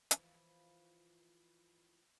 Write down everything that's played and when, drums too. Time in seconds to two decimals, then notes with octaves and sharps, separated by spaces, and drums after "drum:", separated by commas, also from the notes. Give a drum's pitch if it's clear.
0.11 E3 F3, drum: hi-hat